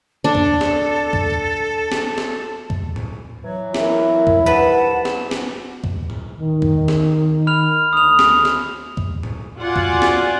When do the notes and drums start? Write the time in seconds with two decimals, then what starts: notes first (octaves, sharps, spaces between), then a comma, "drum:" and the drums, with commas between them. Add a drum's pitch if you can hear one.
0.24 D4 A4
0.35 drum: kick D2
0.61 drum: snare
1.13 drum: kick D2
1.92 drum: snare
2.18 drum: snare
2.70 drum: kick D2
2.96 drum: tom A2
3.42 E3 F#3
3.74 E4 A#4, drum: snare
4.27 drum: kick D2
4.46 C2 D#4 B4 F#5 A5
5.05 drum: snare
5.31 drum: snare
5.84 drum: kick D2
6.10 drum: tom A2
6.39 D#3
6.62 drum: kick D2
6.88 drum: snare
7.47 B5 F6 F7
7.93 D2 D#6 F7
8.19 drum: snare
8.45 drum: snare
8.97 drum: kick D2
9.23 drum: tom A2
9.59 F4 F#4 D5 F#5 G#5
9.76 drum: kick D2
10.02 drum: snare